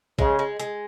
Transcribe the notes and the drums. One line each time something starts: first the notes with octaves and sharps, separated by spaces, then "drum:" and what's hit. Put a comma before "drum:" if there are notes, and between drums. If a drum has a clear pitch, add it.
C#3 G#3, drum: kick A#1
G#3
G#3, drum: hi-hat